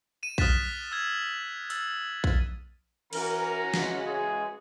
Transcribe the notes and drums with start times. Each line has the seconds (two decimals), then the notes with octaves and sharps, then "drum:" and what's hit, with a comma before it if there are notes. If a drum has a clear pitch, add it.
0.23 D#7 E7
0.38 D#6 F6 F#6 A6 B6 E7, drum: kick A#1
0.92 E6 G#6
1.70 E6 A6, drum: hi-hat
2.24 drum: kick A#1
3.13 E3 C#4 F#4 A#4 A#5, drum: cymbal
3.74 C#3 E3 G#3, drum: snare
4.06 G#4